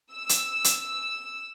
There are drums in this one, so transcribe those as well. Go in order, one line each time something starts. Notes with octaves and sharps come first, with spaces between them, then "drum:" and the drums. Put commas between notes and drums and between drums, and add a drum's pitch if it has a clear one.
E6
drum: hi-hat
drum: hi-hat